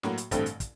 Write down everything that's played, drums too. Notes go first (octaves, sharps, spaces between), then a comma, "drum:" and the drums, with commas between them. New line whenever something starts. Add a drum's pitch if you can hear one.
A2 F#3 A#3 F#4, drum: snare
drum: hi-hat
A1 G2 D3 A3 C4, drum: kick, hi-hat
drum: hi-hat
drum: kick, hi-hat